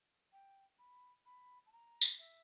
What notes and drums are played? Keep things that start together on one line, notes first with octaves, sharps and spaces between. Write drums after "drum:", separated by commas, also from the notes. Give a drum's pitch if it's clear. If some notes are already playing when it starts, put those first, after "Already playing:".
G5
B5
B5
A5
A#5
drum: tambourine
E5